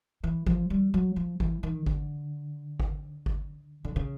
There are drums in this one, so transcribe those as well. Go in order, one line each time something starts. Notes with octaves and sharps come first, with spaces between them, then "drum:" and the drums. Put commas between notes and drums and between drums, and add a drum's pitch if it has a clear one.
E3
F3, drum: kick G1
G3
F#3
F3
E3, drum: kick G1
D#3
D3, drum: kick G1
drum: kick G1
drum: kick G1
D3
C#3